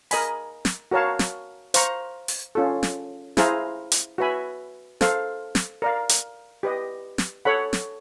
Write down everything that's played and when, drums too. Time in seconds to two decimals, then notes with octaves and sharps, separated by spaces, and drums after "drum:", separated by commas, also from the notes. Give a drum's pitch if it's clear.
0.11 A#4 D#5 G#5 B5, drum: open hi-hat
0.65 drum: snare
0.91 F#4 A#4 C#5 F5 A5
1.19 drum: snare
1.74 C5 F5 A#5 C#6, drum: hi-hat
2.28 drum: open hi-hat
2.55 C#4 F4 A4
2.83 drum: snare
3.37 E4 G#4 C5 F5 A#5, drum: snare
3.92 drum: hi-hat
4.18 F#4 B4 E5 G#5 B5
5.01 A4 C5 F5, drum: snare
5.55 drum: snare
5.82 A#4 D5 F5
6.09 drum: hi-hat
6.63 G4 B4 D#5
7.18 drum: snare
7.45 A4 C#5 F#5 B5
7.73 drum: snare